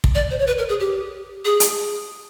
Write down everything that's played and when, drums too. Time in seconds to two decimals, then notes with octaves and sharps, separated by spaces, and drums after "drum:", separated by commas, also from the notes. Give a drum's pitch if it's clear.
0.04 drum: kick
0.15 D5
0.30 C5
0.39 C#5
0.47 B4
0.58 A#4
0.69 G#4
0.80 G4
1.45 G#4
1.60 drum: hi-hat